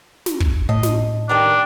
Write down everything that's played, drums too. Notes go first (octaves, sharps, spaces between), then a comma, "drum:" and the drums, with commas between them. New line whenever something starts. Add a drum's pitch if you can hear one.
drum: snare
drum: kick
A2 D#5
drum: snare
D#3 D4 G4 A#5